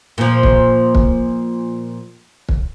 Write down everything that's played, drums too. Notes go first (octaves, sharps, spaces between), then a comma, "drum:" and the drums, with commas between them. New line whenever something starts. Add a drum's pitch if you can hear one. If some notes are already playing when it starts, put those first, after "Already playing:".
A#2 F3
drum: kick
drum: kick
drum: kick